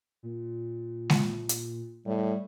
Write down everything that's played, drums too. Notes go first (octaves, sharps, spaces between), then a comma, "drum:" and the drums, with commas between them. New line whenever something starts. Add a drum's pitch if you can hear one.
A#2
drum: snare G#3
drum: hi-hat
A2 G3